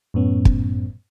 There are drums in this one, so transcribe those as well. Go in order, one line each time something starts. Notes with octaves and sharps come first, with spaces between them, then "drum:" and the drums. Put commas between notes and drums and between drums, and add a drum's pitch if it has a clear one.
F#2 A2 B3 C#4
drum: kick